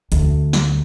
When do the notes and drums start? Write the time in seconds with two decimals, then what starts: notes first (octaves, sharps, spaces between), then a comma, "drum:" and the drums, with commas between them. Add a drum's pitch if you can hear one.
0.12 D2, drum: hi-hat
0.53 drum: snare